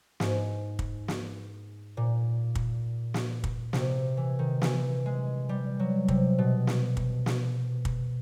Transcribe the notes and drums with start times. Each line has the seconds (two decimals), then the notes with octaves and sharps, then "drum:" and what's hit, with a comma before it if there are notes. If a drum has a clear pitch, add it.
0.20 G#2, drum: snare
0.79 drum: kick
1.08 drum: snare
1.97 A#2
2.55 drum: kick
3.14 drum: snare
3.44 drum: kick
3.73 C3, drum: snare
4.17 E3
4.39 D#3
4.62 E3, drum: snare
5.06 G#3
5.49 G3
5.79 F#3
6.08 C3, drum: kick
6.38 B2
6.67 drum: snare
6.97 drum: kick
7.26 drum: snare
7.85 drum: kick